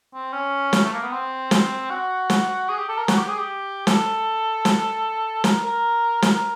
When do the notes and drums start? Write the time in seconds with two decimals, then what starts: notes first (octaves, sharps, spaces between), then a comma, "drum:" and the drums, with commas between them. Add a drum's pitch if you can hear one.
0.14 C4
0.33 C#4
0.73 drum: snare
0.83 A3
0.93 A#3
1.03 B3
1.12 C4
1.51 drum: snare
1.90 F#4
2.30 drum: snare
2.69 G#4
2.78 G4
2.88 A4
2.98 A#4
3.08 F#4, drum: snare
3.18 G4
3.28 G#4
3.38 G4
3.87 A4, drum: snare
4.65 drum: snare
5.44 A#4, drum: snare
5.63 A#4
6.22 A#4, drum: snare